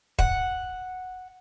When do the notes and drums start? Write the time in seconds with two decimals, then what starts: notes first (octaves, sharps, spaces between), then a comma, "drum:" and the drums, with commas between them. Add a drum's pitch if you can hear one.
0.19 F#5, drum: kick